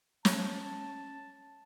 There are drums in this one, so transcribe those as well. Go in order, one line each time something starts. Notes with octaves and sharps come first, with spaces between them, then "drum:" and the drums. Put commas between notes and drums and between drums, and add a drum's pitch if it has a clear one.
C#4 A5, drum: snare